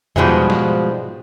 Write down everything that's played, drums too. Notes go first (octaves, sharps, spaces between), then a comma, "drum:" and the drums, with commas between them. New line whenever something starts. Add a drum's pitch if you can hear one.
G#2 B2 F3 G3 G#3, drum: tom E2
drum: snare